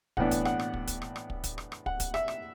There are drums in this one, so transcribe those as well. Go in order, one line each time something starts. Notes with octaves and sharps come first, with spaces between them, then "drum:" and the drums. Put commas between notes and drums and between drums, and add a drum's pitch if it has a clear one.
A2 E3 B3 D4 F#5, drum: kick
drum: kick, hi-hat
F#5, drum: rim click
drum: rim click
drum: kick
drum: kick, hi-hat
drum: rim click
drum: rim click
drum: kick
drum: kick, hi-hat
drum: rim click
drum: rim click
F#5, drum: kick
drum: kick, hi-hat
E5, drum: rim click
drum: rim click